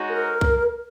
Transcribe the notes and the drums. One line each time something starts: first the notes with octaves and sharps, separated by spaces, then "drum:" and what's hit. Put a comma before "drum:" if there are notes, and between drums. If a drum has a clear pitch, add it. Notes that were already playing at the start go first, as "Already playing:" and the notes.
Already playing: G#3 D#4 F#4 C#5
A#4
drum: kick B1